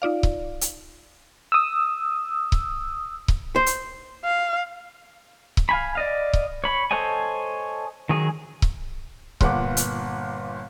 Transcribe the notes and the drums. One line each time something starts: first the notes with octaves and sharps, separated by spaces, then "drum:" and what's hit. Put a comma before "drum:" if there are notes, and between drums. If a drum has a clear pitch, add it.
D#4 F4 D5 F5
drum: kick C#1
drum: hi-hat
D#6 E6
drum: kick C#1
drum: kick C#1
C5
drum: hi-hat
F5
drum: kick C#1
F5 G#5 B5
D5 D#5 F5
drum: kick C#1
C#5 B5
A4 C5 C#5 D#5 G#5
D#3 F#3 G#4
drum: kick C#1
G1 A#2 B4 F#5 D6, drum: kick C#1
drum: hi-hat